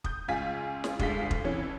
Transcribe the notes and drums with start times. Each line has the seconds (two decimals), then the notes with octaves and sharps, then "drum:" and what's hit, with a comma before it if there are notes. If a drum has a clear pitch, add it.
0.04 D#6 G6, drum: kick
0.28 C#2 F4 G#5 B6
0.84 drum: snare
0.99 D2 G2 G#3 F4 B6, drum: kick
1.31 drum: kick
1.44 F2 E3 C#4